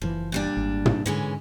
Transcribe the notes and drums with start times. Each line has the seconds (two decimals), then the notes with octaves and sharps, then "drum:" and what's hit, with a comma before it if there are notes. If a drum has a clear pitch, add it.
0.02 F#1 C#3 E3 F3
0.32 A#2 G3 D4
0.57 G#1
0.86 drum: tom
1.06 G#2 D3 E3 G#3 C#4